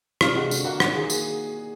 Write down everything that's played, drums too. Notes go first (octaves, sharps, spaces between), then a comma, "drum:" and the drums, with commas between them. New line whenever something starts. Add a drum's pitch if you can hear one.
C3 F4, drum: rim click
G#3 F#4
D3, drum: tambourine
A#3 F#4
D#3 F#4, drum: rim click
A#3 G#4
drum: tambourine